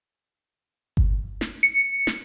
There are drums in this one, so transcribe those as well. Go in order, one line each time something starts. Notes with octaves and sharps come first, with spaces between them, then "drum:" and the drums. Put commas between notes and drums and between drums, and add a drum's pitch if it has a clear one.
drum: kick G1
drum: snare
C#7
drum: snare